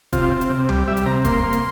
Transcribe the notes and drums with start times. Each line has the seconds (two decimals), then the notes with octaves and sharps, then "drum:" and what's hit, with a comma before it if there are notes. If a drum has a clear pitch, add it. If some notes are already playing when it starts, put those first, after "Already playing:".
0.13 C3 F4, drum: kick, hi-hat
0.32 C4
0.41 drum: hi-hat
0.50 C3
0.69 G3, drum: tom C#2
0.87 G3 E5
0.97 drum: hi-hat
1.06 C3 A#5
1.25 A#3 C6, drum: kick, hi-hat
1.43 A#3
1.53 drum: hi-hat